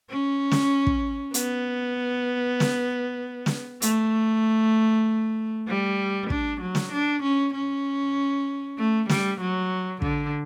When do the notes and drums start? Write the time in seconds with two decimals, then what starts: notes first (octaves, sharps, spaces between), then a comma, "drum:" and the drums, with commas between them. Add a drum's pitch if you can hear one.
0.10 C#4
0.51 drum: snare
0.87 drum: kick
1.34 B3, drum: hi-hat
2.60 drum: snare
3.46 drum: snare
3.82 A3, drum: hi-hat
5.68 G3
6.30 D4, drum: kick
6.61 F#3
6.75 drum: snare
6.93 D4
7.23 C#4
7.54 C#4
8.78 A3
9.09 G3, drum: snare
9.41 F#3
10.02 D3, drum: kick